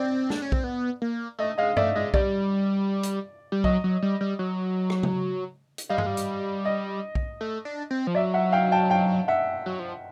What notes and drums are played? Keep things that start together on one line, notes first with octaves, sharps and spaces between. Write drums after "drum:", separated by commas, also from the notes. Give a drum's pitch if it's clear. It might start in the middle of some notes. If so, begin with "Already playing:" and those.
Already playing: C4 D5
D4, drum: snare
C#4
C4, drum: kick B1
B3
A#3
A3 D#5
G#3 D#5 F5
A3 D5 E5, drum: tom G2
G#3 D#5
G3 D5, drum: kick B1
drum: hi-hat
G3
F#3 D#5, drum: kick B1
F#3
G3
G3
F#3
drum: rim click
drum: tom C#3
drum: hi-hat
G3 D#5 F5
G#3, drum: tom G2
G3
drum: hi-hat
D#5
drum: kick B1
A3
D4
C4
F3
F#3 D5 E5
E5 F#5
F5 G5
G5 A5
F5 G5
E5 F#5
F#3
F3